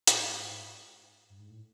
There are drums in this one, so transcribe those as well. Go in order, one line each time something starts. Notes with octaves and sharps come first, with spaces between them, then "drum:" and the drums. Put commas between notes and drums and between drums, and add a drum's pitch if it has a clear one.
A2, drum: hi-hat
G#2
G2
G#2
A2